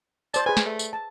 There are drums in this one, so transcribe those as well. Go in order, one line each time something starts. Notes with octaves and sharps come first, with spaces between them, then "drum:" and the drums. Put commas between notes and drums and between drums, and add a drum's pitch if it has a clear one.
C5 D5 A5, drum: tambourine
G#4 B4 G#5
drum: snare
A3
drum: tambourine
A5